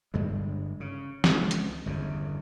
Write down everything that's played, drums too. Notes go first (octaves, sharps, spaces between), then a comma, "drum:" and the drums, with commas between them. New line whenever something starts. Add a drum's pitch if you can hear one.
G1 G2 G3 G#3
C#3
C#2, drum: snare
drum: hi-hat
G1 E2 C#3